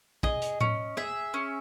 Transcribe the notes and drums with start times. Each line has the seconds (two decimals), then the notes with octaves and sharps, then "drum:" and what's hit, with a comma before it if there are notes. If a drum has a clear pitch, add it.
0.23 G#4 D#5, drum: kick
0.42 drum: hi-hat
0.61 C#4, drum: tom A2
0.97 G#4 E5, drum: rim click
1.34 C#4